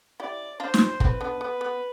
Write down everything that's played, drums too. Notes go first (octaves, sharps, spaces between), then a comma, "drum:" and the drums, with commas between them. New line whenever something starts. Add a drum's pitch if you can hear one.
E4 G4 D5
D4 F4 C5
drum: snare
C4 E4 B4, drum: kick
B3 D4
B3
B3